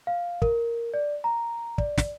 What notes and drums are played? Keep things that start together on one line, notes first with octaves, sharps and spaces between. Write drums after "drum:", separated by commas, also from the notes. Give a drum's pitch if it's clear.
F5
A#4, drum: kick
D5
A#5
D5, drum: kick
drum: snare